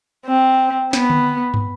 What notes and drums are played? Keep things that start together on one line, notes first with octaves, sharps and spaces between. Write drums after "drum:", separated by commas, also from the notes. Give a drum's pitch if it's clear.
C4
B3, drum: snare
drum: tom D3
drum: tom